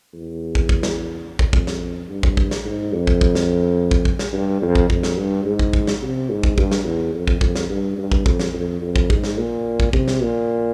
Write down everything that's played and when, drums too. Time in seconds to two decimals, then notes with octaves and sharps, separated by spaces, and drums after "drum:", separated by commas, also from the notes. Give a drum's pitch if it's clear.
0.13 E2
0.55 drum: kick
0.69 drum: kick
0.83 drum: snare
1.39 drum: kick
1.53 F2, drum: kick
1.67 drum: snare
2.09 G2
2.23 drum: kick
2.37 drum: kick
2.51 drum: snare
2.65 G#2
2.93 F2
3.07 drum: kick
3.21 drum: kick
3.35 drum: snare
3.91 drum: kick
4.05 drum: kick
4.19 drum: snare
4.33 G2
4.62 F2
4.75 drum: kick
4.90 F2, drum: kick
5.03 drum: snare
5.17 G2
5.45 G#2
5.59 drum: kick
5.73 drum: kick
5.87 drum: snare
6.02 C3
6.30 G#2
6.43 drum: kick
6.58 G2, drum: kick
6.71 drum: snare
6.85 E2
7.14 F2
7.28 drum: kick
7.41 F2, drum: kick
7.56 drum: snare
7.70 G2
7.98 G2
8.12 drum: kick
8.26 F2, drum: kick
8.40 drum: snare
8.53 F2
8.82 F2
8.96 drum: kick
9.10 G#2, drum: kick
9.24 drum: snare
9.38 A#2
9.80 drum: kick
9.93 C3, drum: kick
10.08 drum: snare
10.22 A#2